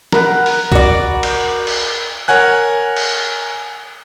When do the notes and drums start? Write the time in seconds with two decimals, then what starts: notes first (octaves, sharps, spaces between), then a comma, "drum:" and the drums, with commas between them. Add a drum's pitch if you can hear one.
0.12 A#4 B4 F#5, drum: snare
0.46 drum: open hi-hat
0.72 F#4 D5, drum: kick
1.23 drum: cymbal
1.67 drum: cymbal
2.28 A#4 C#5 F#5 G#5 F#6
2.96 drum: cymbal